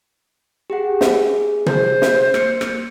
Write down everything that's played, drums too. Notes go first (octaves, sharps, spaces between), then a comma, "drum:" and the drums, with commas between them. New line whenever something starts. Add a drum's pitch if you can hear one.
G4 G#4 F#5
G#4, drum: snare
C5, drum: tom
drum: snare
A#3 C#7, drum: rim click
drum: rim click